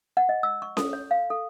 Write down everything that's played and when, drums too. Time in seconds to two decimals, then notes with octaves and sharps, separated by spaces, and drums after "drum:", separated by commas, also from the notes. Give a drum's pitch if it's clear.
0.17 F#5
0.29 D#5
0.43 E6
0.62 C#6
0.77 A4, drum: snare C#4
0.93 C#5
1.11 F5
1.30 A4